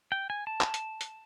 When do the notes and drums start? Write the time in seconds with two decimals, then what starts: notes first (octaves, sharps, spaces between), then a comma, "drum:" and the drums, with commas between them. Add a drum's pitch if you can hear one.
0.12 G5
0.30 G#5
0.47 A5
0.61 drum: clap
0.74 drum: hi-hat
1.01 drum: hi-hat